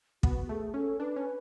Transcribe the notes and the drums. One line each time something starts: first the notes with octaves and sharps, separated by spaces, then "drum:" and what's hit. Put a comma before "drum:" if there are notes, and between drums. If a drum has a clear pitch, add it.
B3 F#4, drum: kick
A3 G#4
C#4 A4
D4 B4
C#4